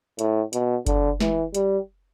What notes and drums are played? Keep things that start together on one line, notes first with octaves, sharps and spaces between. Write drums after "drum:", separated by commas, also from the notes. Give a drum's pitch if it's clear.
A2, drum: hi-hat
B2, drum: hi-hat
D3, drum: kick F#1, hi-hat
E3, drum: snare
G3, drum: hi-hat